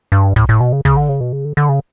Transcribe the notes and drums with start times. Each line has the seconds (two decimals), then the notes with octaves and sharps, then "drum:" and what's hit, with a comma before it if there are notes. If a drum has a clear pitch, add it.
0.12 G2
0.36 A2, drum: kick
0.49 A2
0.60 B2
0.73 C#3
0.85 C#3, drum: kick
0.97 D3
1.09 C#3
1.20 B2
1.33 C#3
1.45 D3
1.57 D3
1.69 C#3